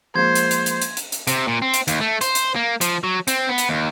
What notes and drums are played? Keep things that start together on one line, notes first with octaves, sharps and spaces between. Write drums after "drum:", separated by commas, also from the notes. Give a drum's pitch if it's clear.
F3 G#3 A#3 C5 C6 G#6
drum: hi-hat
drum: hi-hat
drum: hi-hat
drum: hi-hat
drum: hi-hat
drum: hi-hat
C3, drum: hi-hat
A#2
C4
drum: hi-hat
D#2, drum: hi-hat
A3
C5, drum: hi-hat
drum: hi-hat
A#3
F3, drum: hi-hat
F#3
C4, drum: hi-hat
B3
drum: hi-hat
D#2